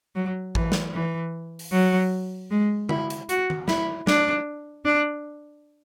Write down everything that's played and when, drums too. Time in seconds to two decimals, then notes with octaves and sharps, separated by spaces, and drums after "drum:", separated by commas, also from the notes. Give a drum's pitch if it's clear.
0.15 F#3
0.55 E3, drum: kick A1
0.72 drum: snare
0.94 E3
1.59 drum: open hi-hat
1.72 F#3
2.51 G#3
2.89 E4, drum: tom
3.10 drum: hi-hat
3.29 F#4, drum: hi-hat
3.50 drum: tom D#3
3.68 E4, drum: snare
4.07 D4, drum: snare
4.85 D4